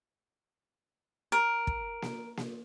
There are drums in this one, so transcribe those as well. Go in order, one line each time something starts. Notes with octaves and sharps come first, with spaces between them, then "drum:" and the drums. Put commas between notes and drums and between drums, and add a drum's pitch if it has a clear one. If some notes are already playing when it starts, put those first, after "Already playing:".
A#4
drum: kick
drum: snare A#3
drum: snare A#3